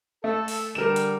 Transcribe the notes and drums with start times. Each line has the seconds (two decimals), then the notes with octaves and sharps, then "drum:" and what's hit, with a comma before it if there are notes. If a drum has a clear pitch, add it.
0.24 A3 A4
0.48 drum: open hi-hat
0.75 D3 G3 A#4 E7
0.96 drum: hi-hat